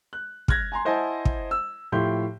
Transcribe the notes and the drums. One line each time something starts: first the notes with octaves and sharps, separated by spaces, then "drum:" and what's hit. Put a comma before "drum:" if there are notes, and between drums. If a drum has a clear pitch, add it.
F#6
F6 F#6 G#6 A#6, drum: kick
G#5 A#5 C6
E4 C5 D#5 F#5 G#5 A5
drum: kick
E6
A2 F3 G4 E5 C6 G6